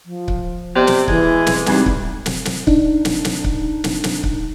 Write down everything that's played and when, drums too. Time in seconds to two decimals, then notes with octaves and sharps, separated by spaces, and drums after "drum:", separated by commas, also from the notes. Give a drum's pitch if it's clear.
0.05 F3
0.28 drum: kick C#1
0.75 C3 B3 D5 D#5
0.87 drum: snare
1.08 E3 G#3, drum: kick C#1
1.47 drum: snare
1.66 E2 G3 G#3 C4 D#4, drum: snare
1.86 drum: kick C#1
2.26 drum: snare
2.45 drum: snare
2.67 D4 D#4, drum: kick C#1
3.05 drum: snare
3.25 drum: snare
3.44 drum: kick C#1
3.84 drum: snare
4.04 drum: snare
4.23 drum: kick C#1